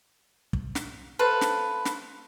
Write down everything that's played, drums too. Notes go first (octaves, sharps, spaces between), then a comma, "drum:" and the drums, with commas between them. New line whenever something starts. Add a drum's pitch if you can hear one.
drum: kick
drum: snare
A4 B4 C5 F5
drum: snare
drum: snare